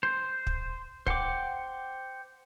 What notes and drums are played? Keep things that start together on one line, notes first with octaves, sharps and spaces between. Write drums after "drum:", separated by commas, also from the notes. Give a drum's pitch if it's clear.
C5
drum: kick
C5 F#5 G5 D6, drum: kick